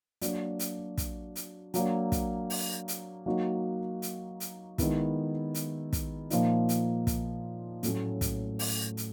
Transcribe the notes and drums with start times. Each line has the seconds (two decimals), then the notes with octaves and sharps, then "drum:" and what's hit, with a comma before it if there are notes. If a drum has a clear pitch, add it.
0.21 F#3 A#3 D4 F#4, drum: hi-hat
0.59 drum: hi-hat
0.98 drum: kick, hi-hat
1.36 drum: hi-hat
1.74 F#3 A#3 D4, drum: hi-hat
2.12 drum: kick, hi-hat
2.50 drum: open hi-hat
2.88 drum: hi-hat
3.26 F#3 A#3 D#4 F#4
4.02 drum: hi-hat
4.40 drum: hi-hat
4.78 D#3 G#3 B3 E4, drum: kick, hi-hat
5.55 drum: hi-hat
5.93 drum: kick, hi-hat
6.30 A#2 F3 A#3 D#4, drum: hi-hat
6.69 drum: hi-hat
7.07 drum: kick, hi-hat
7.83 A2 F#3 A3 C#4, drum: hi-hat
8.21 drum: kick, hi-hat
8.59 drum: open hi-hat
8.97 drum: hi-hat